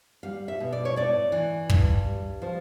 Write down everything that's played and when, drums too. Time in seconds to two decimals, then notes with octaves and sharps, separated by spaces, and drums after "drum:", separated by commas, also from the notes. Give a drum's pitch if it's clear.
0.23 G3 F5
0.48 E5
0.60 B2
0.73 D5
0.85 C#5
0.96 A2 D5
1.32 E3
1.70 G2, drum: kick
2.06 G3
2.42 F3 C5